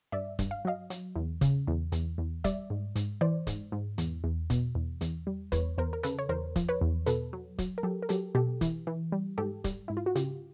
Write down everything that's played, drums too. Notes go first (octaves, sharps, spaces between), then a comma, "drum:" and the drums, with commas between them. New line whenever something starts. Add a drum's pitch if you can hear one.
G2 D5 E5
G2, drum: kick, hi-hat
F5
F#3 D#5 F5
F#3, drum: hi-hat
E2
C#3, drum: kick, hi-hat
E2
E2, drum: hi-hat
E2
G3 D5 E5, drum: kick, hi-hat
G#2
G#2, drum: hi-hat
E3 C5 D5
G#2, drum: kick, hi-hat
G#2
E2, drum: hi-hat
E2
B2, drum: kick, hi-hat
E2
E2, drum: hi-hat
G3
E2 B4 C#5, drum: kick, hi-hat
E2 A#4 C5
A#4
C#3 A4 B4, drum: hi-hat
C#5
E2 A#4 C5
F3, drum: kick, hi-hat
B4 C#5
E2
B2 A4 B4, drum: hi-hat
F#3
F#3, drum: kick, hi-hat
A#4
F#3 G4 A4
A#4
F#3 G4 A4, drum: hi-hat
B2 G4 A4
E3, drum: kick, hi-hat
E3
G3
G#2 G4 A4
G3, drum: kick, hi-hat
G#2 E4
F4
F#4
C#3 F4 G4, drum: hi-hat